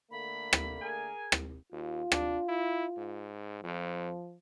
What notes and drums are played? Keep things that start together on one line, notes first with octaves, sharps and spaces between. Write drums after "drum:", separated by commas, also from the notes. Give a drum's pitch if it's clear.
D3 A3 A#3 B5
drum: rim click
G#4 A#4 G#5
drum: rim click
D#2 F4
D4, drum: rim click
E4
G#2
F2 F3